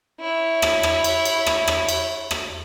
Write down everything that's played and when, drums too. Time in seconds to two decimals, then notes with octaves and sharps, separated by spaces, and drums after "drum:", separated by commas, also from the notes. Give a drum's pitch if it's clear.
0.20 E4 C#5
0.62 drum: rim click
0.83 drum: rim click
1.04 drum: cymbal
1.25 drum: cymbal
1.46 drum: rim click
1.68 drum: rim click
1.89 drum: cymbal
2.31 drum: rim click